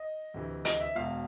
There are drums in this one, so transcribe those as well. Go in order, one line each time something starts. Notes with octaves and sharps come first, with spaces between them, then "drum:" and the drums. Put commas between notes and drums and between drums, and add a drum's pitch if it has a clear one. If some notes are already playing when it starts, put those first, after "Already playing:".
Already playing: D#5
D2 C3 E3
D#5, drum: hi-hat
E5
E1 E2 B2 F5